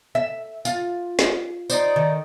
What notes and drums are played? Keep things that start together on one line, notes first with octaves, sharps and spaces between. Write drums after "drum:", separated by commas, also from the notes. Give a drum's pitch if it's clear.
E5
F4, drum: tambourine
drum: snare
D#4 C5 D5, drum: tambourine
D#3